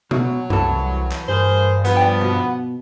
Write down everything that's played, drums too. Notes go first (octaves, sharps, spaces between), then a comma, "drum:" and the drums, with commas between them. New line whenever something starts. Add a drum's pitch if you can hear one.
B2 F#3, drum: tom B2
C2 E3 A4, drum: tom F#2
drum: clap
G2 G#4 A#4 C5
F3 B3, drum: hi-hat
D5 G5
B2